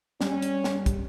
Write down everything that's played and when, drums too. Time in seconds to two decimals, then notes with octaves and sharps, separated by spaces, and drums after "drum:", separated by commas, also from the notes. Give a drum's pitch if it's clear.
0.21 G3 C#4, drum: snare
0.42 drum: hi-hat
0.64 drum: snare
0.86 drum: kick, hi-hat